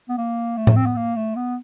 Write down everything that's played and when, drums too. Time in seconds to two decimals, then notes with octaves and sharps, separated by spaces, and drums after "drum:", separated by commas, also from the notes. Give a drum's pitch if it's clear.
0.09 B3
0.18 A#3
0.57 A3
0.67 drum: tom A2
0.76 C4
0.86 B3
0.97 A#3
1.16 A3
1.36 B3